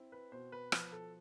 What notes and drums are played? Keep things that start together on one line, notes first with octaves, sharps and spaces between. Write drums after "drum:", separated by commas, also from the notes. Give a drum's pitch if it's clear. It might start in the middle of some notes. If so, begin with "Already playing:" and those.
Already playing: C4 E4
B4
B2 C5
B4
F3 B4, drum: rim click
A4